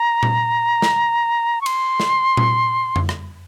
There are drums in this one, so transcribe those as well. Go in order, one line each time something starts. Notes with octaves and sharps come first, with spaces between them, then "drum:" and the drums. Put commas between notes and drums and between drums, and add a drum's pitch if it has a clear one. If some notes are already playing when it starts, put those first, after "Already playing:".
Already playing: A#5
drum: tom A#2
drum: snare
C#6
C6, drum: cymbal
drum: snare
drum: tom A#2
drum: tom F2
drum: rim click